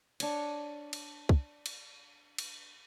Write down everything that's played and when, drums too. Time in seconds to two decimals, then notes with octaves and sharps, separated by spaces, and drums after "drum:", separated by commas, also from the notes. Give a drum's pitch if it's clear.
0.20 D4 C#5, drum: cymbal
0.93 drum: cymbal
1.29 drum: kick
1.66 drum: cymbal
2.38 drum: cymbal